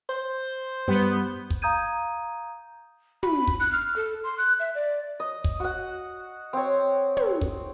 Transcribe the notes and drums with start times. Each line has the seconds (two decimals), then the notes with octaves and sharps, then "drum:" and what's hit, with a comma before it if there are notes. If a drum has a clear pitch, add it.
0.09 C5
0.88 G2 G3 B3
1.50 drum: kick
1.62 F5 A#5 D#6 G6 G#6 D#7
3.23 B5, drum: tom
3.47 drum: kick
3.60 F#6
3.72 F6
3.96 A4
4.24 C6
4.38 F#6
4.60 E5
4.75 D5
5.20 D#5
5.44 drum: kick
5.60 F#4 F#5
6.53 C4 C#5
7.17 drum: tom
7.41 drum: kick